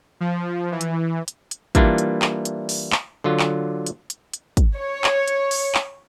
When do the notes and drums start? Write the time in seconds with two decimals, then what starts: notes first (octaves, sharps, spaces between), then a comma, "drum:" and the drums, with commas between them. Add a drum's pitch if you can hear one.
0.20 F3
0.72 E3
0.81 drum: hi-hat
1.28 drum: hi-hat
1.51 drum: hi-hat
1.75 E3 G3 A#3 D4 E4 F4, drum: kick, hi-hat
1.98 drum: hi-hat
2.22 drum: clap
2.45 drum: hi-hat
2.69 drum: open hi-hat
2.92 drum: clap
3.24 D3 F#3 F4
3.39 drum: clap
3.86 drum: hi-hat
4.10 drum: hi-hat
4.33 drum: hi-hat
4.57 drum: kick, hi-hat
4.77 C#5
5.04 drum: clap
5.28 drum: hi-hat
5.51 drum: open hi-hat
5.75 drum: clap